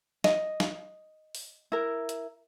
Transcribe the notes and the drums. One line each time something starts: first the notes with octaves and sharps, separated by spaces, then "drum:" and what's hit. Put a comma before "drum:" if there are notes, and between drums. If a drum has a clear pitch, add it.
D#5, drum: snare
drum: snare
drum: open hi-hat
E4 A#4
drum: hi-hat